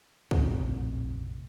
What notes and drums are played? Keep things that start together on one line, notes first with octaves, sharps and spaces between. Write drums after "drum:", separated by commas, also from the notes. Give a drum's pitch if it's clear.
F1 A#1 A2 C3, drum: kick